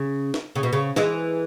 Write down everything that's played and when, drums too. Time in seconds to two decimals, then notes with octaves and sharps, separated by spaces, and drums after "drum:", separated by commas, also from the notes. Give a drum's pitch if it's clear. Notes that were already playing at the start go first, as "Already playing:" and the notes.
Already playing: C#3
0.34 drum: snare
0.55 C#3
0.63 B2
0.73 C#3
0.96 E3 G#3, drum: snare